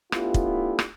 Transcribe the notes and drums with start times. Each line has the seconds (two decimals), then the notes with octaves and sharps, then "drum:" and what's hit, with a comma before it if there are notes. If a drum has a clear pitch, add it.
0.12 A3 B3 D4 E4 F4 G4, drum: rim click
0.34 drum: kick
0.79 drum: rim click